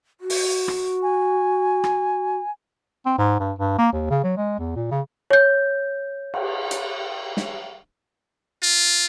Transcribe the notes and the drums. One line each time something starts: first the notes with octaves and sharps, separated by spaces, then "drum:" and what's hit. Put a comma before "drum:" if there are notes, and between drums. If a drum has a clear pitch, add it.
F#4
drum: open hi-hat
drum: rim click
G#5
drum: rim click
C4
G#2
G2
G2
A#3
D#2
C#3
F#3
G#3
E2
A#2
C#3
C#5 G6
drum: cymbal
drum: hi-hat
drum: snare
F4